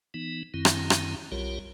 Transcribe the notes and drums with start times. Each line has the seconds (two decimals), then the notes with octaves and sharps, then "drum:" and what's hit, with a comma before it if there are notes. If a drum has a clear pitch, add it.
0.14 E3 B3 D#4
0.54 F#2 D#3 C4 E4
0.65 drum: rim click
0.90 drum: rim click
1.32 B1 G3 F4 G4 A#4 C#5